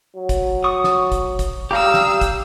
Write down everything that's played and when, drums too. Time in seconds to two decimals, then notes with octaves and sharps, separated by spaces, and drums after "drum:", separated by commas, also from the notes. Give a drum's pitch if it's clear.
0.16 F#3
0.29 drum: kick, hi-hat
0.64 C#6 D#6
0.84 drum: snare
1.12 drum: kick, hi-hat
1.39 drum: kick, hi-hat
1.71 G3 G4 F5 A#5 D#6 E6
1.94 drum: snare
2.21 drum: kick, hi-hat